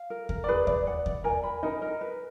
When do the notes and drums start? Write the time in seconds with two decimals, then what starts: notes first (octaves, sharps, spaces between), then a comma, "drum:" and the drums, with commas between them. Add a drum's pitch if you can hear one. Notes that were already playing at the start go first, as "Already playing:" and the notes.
Already playing: F5
0.10 A#4
0.29 A#4, drum: kick D#2
0.44 D5
0.48 G#4 B4
0.67 D5, drum: kick D#2
0.87 F#5
1.06 D5, drum: kick D#2
1.24 A#4 G#5
1.44 B5
1.63 D#4 A#4
1.82 A#4
2.01 B4